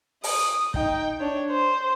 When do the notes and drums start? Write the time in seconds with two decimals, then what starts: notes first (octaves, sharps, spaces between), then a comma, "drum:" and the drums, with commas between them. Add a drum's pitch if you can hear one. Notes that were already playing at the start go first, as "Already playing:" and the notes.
0.24 D#6, drum: open hi-hat
0.74 D#4 G5, drum: kick
1.20 D4 C#5
1.50 C5